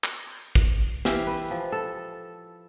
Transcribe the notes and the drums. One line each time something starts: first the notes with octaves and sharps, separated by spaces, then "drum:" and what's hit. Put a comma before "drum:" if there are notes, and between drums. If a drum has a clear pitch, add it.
drum: clap
drum: kick
E3 G4 E5 F5, drum: snare
B4
F3
A4